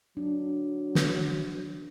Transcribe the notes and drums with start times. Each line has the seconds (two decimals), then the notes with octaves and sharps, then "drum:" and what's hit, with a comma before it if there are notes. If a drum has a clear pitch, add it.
0.17 F#3 D4
0.95 drum: snare